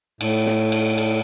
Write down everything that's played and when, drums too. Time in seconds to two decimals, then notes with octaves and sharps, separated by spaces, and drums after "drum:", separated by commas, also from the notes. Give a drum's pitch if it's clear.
0.21 A2, drum: cymbal
0.46 drum: snare
0.72 drum: cymbal
0.98 drum: cymbal